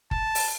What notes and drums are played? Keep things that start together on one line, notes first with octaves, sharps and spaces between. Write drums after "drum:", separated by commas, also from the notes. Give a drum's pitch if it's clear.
A5, drum: kick F#1
drum: open hi-hat